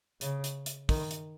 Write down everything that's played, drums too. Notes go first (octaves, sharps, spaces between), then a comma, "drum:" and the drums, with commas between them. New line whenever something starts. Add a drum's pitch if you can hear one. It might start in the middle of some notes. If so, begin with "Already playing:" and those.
C#3, drum: hi-hat
drum: hi-hat
drum: hi-hat
D#3, drum: kick, open hi-hat
drum: hi-hat